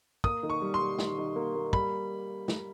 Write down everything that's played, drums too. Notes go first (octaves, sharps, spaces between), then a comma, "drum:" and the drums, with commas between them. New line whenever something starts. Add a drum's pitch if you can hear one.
A#3 D#6, drum: kick
D#3
C#6
G3
C6
G3
D#3, drum: snare
D#3
A#3
A#3
G3 B5, drum: kick
drum: snare